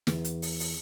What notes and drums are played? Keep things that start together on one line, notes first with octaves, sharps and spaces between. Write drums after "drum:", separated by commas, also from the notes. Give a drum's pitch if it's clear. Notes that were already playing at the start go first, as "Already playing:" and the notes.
E2, drum: snare
drum: hi-hat
drum: open hi-hat
drum: open hi-hat